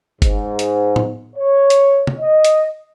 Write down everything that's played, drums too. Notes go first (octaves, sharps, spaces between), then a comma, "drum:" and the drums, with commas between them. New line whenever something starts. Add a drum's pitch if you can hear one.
G#2, drum: kick G1, hi-hat
drum: hi-hat
drum: tom A2
C#5
drum: hi-hat
drum: tom
D#5
drum: hi-hat